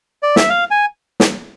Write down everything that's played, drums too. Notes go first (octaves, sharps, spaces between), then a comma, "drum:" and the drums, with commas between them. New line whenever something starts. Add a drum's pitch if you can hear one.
D5
E5, drum: snare
F5
G#5
drum: snare